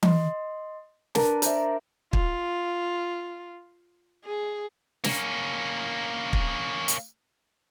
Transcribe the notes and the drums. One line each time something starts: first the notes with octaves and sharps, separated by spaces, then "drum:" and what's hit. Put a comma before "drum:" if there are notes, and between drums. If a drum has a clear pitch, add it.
D#5 C6, drum: tom E3
D4 A#4 B4 A5, drum: snare
C5 D5 E5 A#5, drum: hi-hat
F4, drum: kick
G#4
A#3 C#4, drum: snare
drum: kick
drum: hi-hat